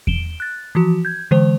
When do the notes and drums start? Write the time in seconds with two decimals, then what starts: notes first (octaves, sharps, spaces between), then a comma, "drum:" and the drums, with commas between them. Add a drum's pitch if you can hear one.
0.07 D7 E7 G7, drum: kick E2
0.40 F#6 A6
0.75 E3 F3 F#4
1.05 G6 G#6
1.31 D3 E3 G#3 C5